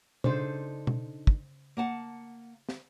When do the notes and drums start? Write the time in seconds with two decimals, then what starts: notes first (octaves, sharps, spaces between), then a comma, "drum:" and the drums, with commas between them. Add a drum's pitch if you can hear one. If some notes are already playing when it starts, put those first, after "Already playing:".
0.24 C#3 D4 D#4 A4 C5, drum: tom B2
0.87 drum: tom B2
1.27 drum: kick
1.77 A#3 F#5 A5
2.69 drum: snare